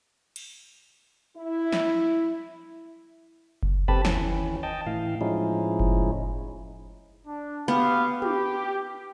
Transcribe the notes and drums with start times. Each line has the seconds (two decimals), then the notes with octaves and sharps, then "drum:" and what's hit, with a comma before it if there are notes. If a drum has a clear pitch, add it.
0.36 drum: cymbal
1.36 E4
1.72 drum: snare
3.63 drum: kick F#1
3.88 C4 G4 A4 B4 A5 B5, drum: kick F#1
4.05 D#2 E3 C#4, drum: snare
4.63 D#5 G5 A5
4.87 A2 E3 F5
5.21 A2 F3 G#3 C#4 D#4 E4
5.80 drum: kick F#1
7.27 D4
7.68 B3 F#4 G4 F5
8.22 G4, drum: tom